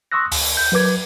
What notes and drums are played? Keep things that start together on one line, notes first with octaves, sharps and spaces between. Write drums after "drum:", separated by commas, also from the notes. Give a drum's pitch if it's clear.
C6 C#6 D#6 E6 F#6 A#6
D2, drum: open hi-hat
G6
F#3 A#4 B4 D6 G#6